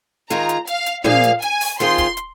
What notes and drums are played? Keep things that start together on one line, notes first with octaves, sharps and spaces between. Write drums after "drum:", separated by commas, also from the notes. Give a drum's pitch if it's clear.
D#3 G#3 F4 G#4 A#5, drum: hi-hat
drum: hi-hat
F5, drum: hi-hat
drum: hi-hat
A#2 F3 A#3 G#4 F5, drum: tom
drum: hi-hat
G#5, drum: hi-hat
drum: open hi-hat
D#3 C4 F4 G#4 C6, drum: hi-hat
drum: kick, hi-hat
drum: hi-hat